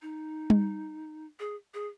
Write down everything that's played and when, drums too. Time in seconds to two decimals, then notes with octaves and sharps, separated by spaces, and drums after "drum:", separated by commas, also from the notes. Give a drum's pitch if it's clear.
0.02 D#4
0.50 drum: tom G3
1.40 G#4
1.74 G#4